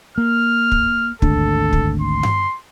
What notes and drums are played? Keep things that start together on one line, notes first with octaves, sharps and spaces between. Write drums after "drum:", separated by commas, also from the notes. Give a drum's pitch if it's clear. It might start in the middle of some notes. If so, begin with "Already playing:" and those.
A#3 F6
drum: kick
G#1 D2 D4 A4, drum: kick
drum: kick
C6
drum: tom G2